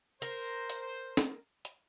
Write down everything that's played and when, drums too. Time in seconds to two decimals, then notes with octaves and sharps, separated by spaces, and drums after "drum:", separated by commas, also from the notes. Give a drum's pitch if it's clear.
0.22 A#4 C5, drum: hi-hat
0.70 drum: hi-hat
1.17 drum: snare
1.65 drum: hi-hat